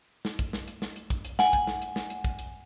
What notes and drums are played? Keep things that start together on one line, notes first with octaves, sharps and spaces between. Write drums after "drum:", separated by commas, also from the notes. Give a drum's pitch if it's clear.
drum: snare
drum: kick, hi-hat
drum: snare
drum: hi-hat
drum: snare
drum: hi-hat
drum: kick, hi-hat
drum: hi-hat
F#5 G#5, drum: snare
drum: kick, hi-hat
drum: snare
drum: hi-hat
drum: snare
drum: hi-hat
drum: kick, hi-hat
drum: hi-hat